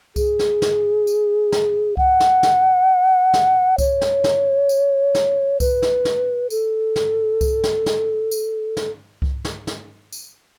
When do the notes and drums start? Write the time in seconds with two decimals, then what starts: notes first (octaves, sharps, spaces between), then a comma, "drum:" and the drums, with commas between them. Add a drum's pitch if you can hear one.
0.16 G#4, drum: kick C2, tambourine
0.39 drum: snare
0.62 drum: snare
1.07 drum: tambourine
1.52 drum: snare
1.97 F#5, drum: kick C2
2.20 drum: snare
2.43 drum: snare
3.33 drum: snare
3.78 C#5, drum: kick C2, tambourine
4.01 drum: snare
4.24 drum: snare
4.69 drum: tambourine
5.15 drum: snare
5.60 B4, drum: kick C2, tambourine
5.82 drum: snare
6.05 drum: snare
6.50 A4, drum: tambourine
6.96 drum: snare
7.41 drum: kick C2, tambourine
7.64 drum: snare
7.86 drum: snare
8.31 drum: tambourine
8.77 drum: snare
9.22 drum: kick C2
9.45 drum: snare
9.67 drum: snare
10.13 drum: tambourine